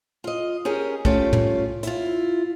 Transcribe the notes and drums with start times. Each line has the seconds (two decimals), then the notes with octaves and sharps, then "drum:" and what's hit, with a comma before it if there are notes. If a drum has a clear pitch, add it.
0.24 F4 D#5
0.65 C#4 G4 G#4 A#4
1.05 A3 C#4 F4 G4, drum: kick B1
1.33 drum: tom
1.83 E4 F4, drum: hi-hat